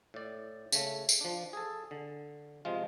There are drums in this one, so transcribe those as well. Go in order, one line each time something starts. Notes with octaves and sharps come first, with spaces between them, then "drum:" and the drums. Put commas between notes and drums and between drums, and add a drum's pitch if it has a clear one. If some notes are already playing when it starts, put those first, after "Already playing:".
A2 D5
C#3 A3, drum: tambourine
drum: tambourine
F3 D4
G#4 A4
D3
C3 F3 G#3 F4